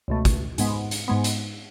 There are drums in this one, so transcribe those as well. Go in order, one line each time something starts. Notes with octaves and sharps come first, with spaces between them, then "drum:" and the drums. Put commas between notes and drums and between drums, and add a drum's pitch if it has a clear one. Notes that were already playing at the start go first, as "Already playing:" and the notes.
C#2 B2 A3
drum: kick, hi-hat
G#2 G#3 B3, drum: hi-hat
drum: hi-hat
G#2 G#3 B3
drum: hi-hat